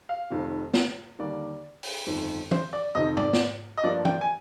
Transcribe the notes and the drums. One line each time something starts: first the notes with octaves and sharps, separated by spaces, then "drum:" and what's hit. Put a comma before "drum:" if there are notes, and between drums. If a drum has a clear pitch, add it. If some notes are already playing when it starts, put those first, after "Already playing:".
F5
F1 F2 D#3
drum: snare
D#2 D3 G3 A#3 D4 D5
drum: open hi-hat
G1 F2 D#3
C5, drum: tom E3
D5
F2 C3 D#3 D#5
D5, drum: tom G#2
drum: snare
D#5
G2 F3 A#3 D4 D5
G5, drum: tom E3
G#5